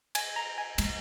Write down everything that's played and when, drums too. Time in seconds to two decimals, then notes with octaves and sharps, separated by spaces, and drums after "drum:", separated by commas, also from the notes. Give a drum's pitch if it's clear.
0.15 G#5, drum: cymbal
0.36 A#5
0.58 G#5
0.78 G#3, drum: cymbal